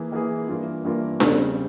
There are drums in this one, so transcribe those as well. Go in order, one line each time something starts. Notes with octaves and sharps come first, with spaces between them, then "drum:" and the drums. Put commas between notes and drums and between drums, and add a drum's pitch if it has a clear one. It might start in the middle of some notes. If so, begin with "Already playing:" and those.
Already playing: E3 A#3 E4 G#4
E3 A#3 E4 G#4
G2 E3 A#3 F4 A#4
G2 E3 A#3 F4 A#4
E2 C#3 G3 C4, drum: snare D4